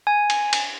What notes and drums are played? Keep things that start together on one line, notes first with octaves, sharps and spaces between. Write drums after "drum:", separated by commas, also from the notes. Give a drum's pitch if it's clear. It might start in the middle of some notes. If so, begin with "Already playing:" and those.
G#5
drum: cymbal
drum: cymbal